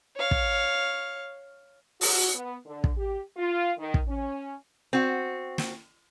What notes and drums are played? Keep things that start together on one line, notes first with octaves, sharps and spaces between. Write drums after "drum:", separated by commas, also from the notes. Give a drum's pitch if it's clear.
C#5 F5
drum: kick
F#4, drum: open hi-hat
B3
D3
drum: kick
G4
F4
D#3
drum: kick
C#4
C4 F#4
drum: snare